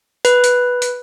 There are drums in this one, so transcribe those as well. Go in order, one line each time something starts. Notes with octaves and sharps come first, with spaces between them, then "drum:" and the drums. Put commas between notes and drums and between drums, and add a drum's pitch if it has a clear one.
B4, drum: hi-hat
drum: hi-hat
drum: hi-hat